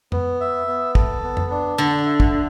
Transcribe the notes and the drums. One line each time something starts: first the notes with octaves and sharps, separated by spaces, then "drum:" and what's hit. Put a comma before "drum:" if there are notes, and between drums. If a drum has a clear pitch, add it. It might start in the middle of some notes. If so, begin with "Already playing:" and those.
B3, drum: tom F2
E5
B3
A4, drum: kick
B3
drum: tom F2
D4
D3 A4
E5
drum: kick
D4